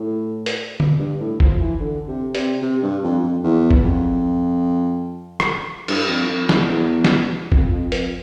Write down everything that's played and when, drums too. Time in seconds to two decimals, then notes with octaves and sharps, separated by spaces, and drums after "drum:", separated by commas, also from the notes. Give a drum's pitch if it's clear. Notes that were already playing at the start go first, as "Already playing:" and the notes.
Already playing: A2
0.46 drum: hi-hat
0.80 drum: tom
0.99 G2
1.20 A2
1.40 F3, drum: kick G1
1.60 E3
1.80 D3
2.08 C3
2.35 C3, drum: hi-hat
2.62 C3
2.83 G2
3.03 F2
3.23 F2
3.44 E2
3.71 drum: kick G1
3.84 F2
5.40 drum: rim click
5.88 G2, drum: cymbal
6.09 F2
6.28 F2
6.49 E2, drum: snare
6.70 E2
7.04 drum: snare
7.52 F2, drum: kick G1
7.71 F2
7.92 F2, drum: hi-hat